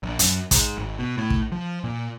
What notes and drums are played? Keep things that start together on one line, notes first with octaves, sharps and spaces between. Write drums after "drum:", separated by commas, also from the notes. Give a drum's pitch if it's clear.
A#1
F#2, drum: hi-hat
G#2, drum: kick, hi-hat
G#1
B2
A2
drum: kick
F3
A#2